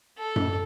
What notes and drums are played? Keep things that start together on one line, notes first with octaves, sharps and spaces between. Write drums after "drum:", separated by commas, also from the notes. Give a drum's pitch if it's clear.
A4
drum: tom F#2